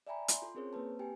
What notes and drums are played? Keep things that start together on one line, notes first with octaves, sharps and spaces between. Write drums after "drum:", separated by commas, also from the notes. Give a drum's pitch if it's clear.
D5 E5 G5 G#5 A#5 B5
C6, drum: hi-hat
F4 A4 C6
C4 C#4 G#4 A#4 C5 C#5
A#3 C4 B4 A5
G4 G5 G#5